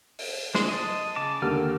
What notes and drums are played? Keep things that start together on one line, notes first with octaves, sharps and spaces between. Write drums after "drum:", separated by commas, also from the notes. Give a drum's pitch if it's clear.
drum: open hi-hat
G#3 D4 C5, drum: snare
D#5 A5
C#3 A5 D6
D#2 D3 A#3 A4 G5 F6